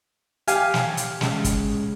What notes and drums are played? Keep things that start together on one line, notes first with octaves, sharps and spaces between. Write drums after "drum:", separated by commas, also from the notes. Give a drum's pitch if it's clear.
G4 F5 G#5, drum: hi-hat
drum: snare
drum: hi-hat
C#3 G#3, drum: snare
drum: kick, hi-hat